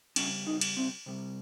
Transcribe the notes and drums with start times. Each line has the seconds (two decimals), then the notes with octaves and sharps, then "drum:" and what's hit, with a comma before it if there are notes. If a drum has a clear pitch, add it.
0.16 C#3 G3 C#4, drum: cymbal
0.47 D#4
0.61 drum: cymbal
0.77 C4
1.06 C3 G3